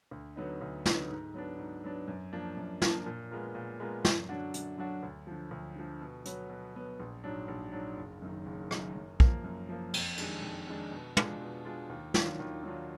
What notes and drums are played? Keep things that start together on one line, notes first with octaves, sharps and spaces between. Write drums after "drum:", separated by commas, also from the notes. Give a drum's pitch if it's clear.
D2
D3 F#3 B3 D#4
D2
D3 F#3 B3 D#4, drum: snare
G#2
F#3 B3 D4
G#2
F#3 B3 D4
F#2
F3 A#3 D4
F#2
F3 A#3 D4, drum: snare
A#2
G#3 B3 F4 A#4
A#2
G#3 B3 F4 A#4
F#2, drum: snare
D3 F#3 D4 F#4
F#2, drum: hi-hat
D3 F#3 D4 F#4
D2
D3 F3
D2
D3 F3
B2
F#3 B3, drum: hi-hat
B2
F#3 B3
A#1
G#2 F#3 D4
A#1
G#2 F#3 D4
F#1
F#2 D#3
F#1
F#2 D#3, drum: rim click
F#2
F3 A#3, drum: kick
F#2
F3 A#3
F2, drum: cymbal
D#3 G#3 D4, drum: cymbal
F2
D#3 G#3 D4
B2
G#3 D4 F4, drum: tom
B2
G#3 D4 F4
D#2
D#3 F#3 D4 F4, drum: snare
D#2
D#3 F#3 D4 F4